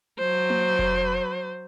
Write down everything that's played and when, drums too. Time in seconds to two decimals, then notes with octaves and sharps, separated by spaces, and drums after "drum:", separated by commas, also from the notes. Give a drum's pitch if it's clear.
0.19 F#3 C5
0.50 drum: tom A#3
0.79 drum: kick F1